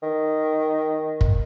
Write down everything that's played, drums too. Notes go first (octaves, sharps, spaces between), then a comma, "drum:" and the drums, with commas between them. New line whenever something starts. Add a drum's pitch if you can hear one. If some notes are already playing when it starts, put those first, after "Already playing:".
D#3
drum: kick